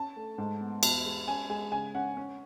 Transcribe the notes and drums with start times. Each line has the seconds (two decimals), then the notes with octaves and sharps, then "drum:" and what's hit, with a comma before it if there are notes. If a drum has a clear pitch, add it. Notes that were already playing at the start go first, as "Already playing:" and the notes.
Already playing: C#4 A5
0.16 A3
0.38 G#2
0.60 B3
0.83 E2 A5, drum: cymbal
1.05 G#3
1.28 C#4 G#5
1.49 G#3 G#5
1.72 C#3 G#5
1.95 C#4 F#5
2.17 C#4